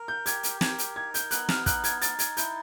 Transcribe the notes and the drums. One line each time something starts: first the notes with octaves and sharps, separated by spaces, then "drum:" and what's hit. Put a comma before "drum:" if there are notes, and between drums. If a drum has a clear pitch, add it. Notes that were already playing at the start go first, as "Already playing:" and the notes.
Already playing: A#4
G6
G4 G#6, drum: hi-hat
drum: hi-hat
A#4 G#6, drum: snare
drum: hi-hat
D#4 G#6
G6, drum: hi-hat
B3 F#6, drum: hi-hat
F6, drum: snare
D#4 F#6, drum: kick, hi-hat
G#6, drum: hi-hat
D#4 A6, drum: hi-hat
G#6, drum: hi-hat
E4 G6, drum: hi-hat